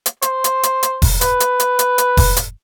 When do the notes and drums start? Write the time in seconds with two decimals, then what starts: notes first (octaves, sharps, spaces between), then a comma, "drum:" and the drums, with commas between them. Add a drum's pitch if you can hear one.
0.06 drum: hi-hat
0.22 C5, drum: hi-hat
0.44 drum: hi-hat
0.63 drum: hi-hat
0.83 drum: hi-hat
1.02 drum: kick F1, open hi-hat
1.21 B4, drum: hi-hat
1.40 drum: hi-hat
1.60 drum: hi-hat
1.79 drum: hi-hat
1.98 drum: hi-hat
2.17 drum: kick F1, open hi-hat
2.36 drum: hi-hat